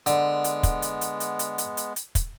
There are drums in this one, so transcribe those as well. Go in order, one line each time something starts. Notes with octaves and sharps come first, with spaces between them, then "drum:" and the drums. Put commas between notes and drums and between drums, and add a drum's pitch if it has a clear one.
D3 G#3 B3, drum: hi-hat
drum: hi-hat
drum: kick, hi-hat
drum: hi-hat
drum: hi-hat
drum: hi-hat
drum: hi-hat
drum: hi-hat
drum: hi-hat
drum: hi-hat
drum: kick, hi-hat